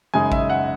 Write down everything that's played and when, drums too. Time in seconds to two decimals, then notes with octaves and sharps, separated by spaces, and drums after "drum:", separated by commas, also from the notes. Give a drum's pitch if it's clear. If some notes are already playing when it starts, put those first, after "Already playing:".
0.14 F#2 C#3 G#3 D#4 G#5
0.32 E5, drum: kick A1
0.50 F#5